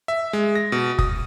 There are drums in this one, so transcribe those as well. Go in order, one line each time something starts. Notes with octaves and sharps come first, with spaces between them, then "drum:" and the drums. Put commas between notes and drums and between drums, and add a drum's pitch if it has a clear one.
E5
G#3
A#6
B2
D#6, drum: kick F1